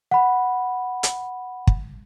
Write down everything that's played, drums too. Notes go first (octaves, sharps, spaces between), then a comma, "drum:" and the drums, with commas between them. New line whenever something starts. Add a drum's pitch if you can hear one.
F#5 B5
drum: hi-hat
drum: kick